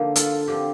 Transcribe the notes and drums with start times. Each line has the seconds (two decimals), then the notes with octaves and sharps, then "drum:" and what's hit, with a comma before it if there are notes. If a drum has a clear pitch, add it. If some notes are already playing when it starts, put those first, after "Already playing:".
Already playing: D3 F3 A#3 D#4
0.16 F4 A4, drum: hi-hat
0.48 D3 F3 C4 G4